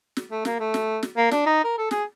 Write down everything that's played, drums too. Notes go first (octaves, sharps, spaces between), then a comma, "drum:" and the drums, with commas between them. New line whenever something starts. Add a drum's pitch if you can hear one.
drum: snare
A3
A#3, drum: snare
A3
drum: snare
drum: snare
A#3
D4, drum: snare
D#4
A#4
A4
G#4, drum: snare